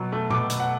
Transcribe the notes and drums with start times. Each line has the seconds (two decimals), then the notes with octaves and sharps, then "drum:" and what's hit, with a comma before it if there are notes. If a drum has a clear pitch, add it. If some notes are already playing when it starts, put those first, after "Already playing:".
Already playing: B2 F#3
0.12 A3
0.30 B2 D6, drum: tom A#2
0.50 B2, drum: hi-hat
0.60 F#5